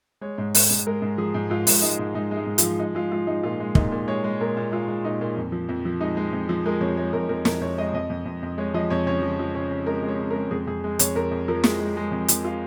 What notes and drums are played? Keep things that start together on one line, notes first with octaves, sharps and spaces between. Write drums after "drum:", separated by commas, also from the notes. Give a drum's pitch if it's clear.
G#3 C#5
G#2
G#2, drum: open hi-hat
G#2
G#3 A#4
G#2
F3 G#4
G#2
G#2 F4
G#2, drum: open hi-hat
G#3 D#4
G#2
G#2 D#4
G#3
D#4
G#2
F4, drum: hi-hat
F3
G#3 D#4
G#3 F4
G#3 F4
G#3 D#4
A#2 F4
G#3
A#2 D#4, drum: kick
A#2
G#3 C#5
G#3
A#2 A#4
A#2
G#3 F4
G#3
A#2 D#4
A#2
F2
F3
F2
F3
G#3 D#4
G#3
F2
F3
G#3 A#4
F2 C#5
G#3 C#5
F2 A#4
F2 A#4
F2 A#4, drum: snare
F2 C#5
G#3 D#5
F2 D#5
F2
F2
F2
G#3 C#5
F3 D#5
F2 C#5
C#3 C#5
F3
F3
C#3 C#5
C#3
G#3 A#4
G#3
C#5
C#3
A#4
G#3
F2 G#4
F2 G#4
G#3
F2 C#5, drum: hi-hat
F2 A#4
F2
F3 A#4
G#3 G#4, drum: snare
G#3
G#3
F2
F3, drum: hi-hat
F4